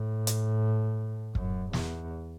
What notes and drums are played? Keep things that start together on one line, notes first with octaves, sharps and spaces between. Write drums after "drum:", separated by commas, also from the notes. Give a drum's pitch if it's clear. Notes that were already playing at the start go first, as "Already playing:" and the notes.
Already playing: A2
drum: hi-hat
F#2, drum: kick
E2, drum: snare